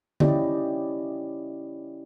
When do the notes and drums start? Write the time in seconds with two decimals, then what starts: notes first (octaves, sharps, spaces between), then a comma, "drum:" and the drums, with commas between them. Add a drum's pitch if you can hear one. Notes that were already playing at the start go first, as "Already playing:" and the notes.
0.20 C#4 E4 G4 D5 D#5, drum: tom D3